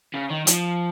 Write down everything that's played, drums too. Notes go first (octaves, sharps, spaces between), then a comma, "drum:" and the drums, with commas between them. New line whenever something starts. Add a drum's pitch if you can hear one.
C#3
D#3
F3, drum: hi-hat